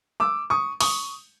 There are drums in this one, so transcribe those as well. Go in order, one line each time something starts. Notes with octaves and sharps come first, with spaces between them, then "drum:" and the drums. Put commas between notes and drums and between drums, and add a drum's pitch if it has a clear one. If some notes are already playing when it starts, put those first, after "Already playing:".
D6 E6
C#6 D#6
C#6 D#6, drum: open hi-hat